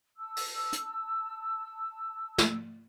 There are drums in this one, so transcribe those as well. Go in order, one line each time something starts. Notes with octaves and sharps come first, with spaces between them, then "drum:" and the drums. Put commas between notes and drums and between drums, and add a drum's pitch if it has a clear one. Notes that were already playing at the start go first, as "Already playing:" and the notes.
A5 E6
drum: open hi-hat
drum: hi-hat
drum: snare